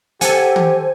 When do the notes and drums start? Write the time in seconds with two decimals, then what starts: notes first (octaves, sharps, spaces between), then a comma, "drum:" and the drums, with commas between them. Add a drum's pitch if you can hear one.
0.21 G4 A4 C5 F#5 G#5, drum: hi-hat
0.56 drum: tom